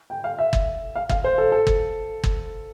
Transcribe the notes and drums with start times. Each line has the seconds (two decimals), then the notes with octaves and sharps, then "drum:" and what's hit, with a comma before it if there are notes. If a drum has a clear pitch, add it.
0.10 G5
0.24 F5
0.39 E5
0.53 drum: kick
0.96 F5
1.09 F5, drum: kick
1.24 C5
1.38 A4
1.52 A4
1.67 drum: kick
2.24 drum: kick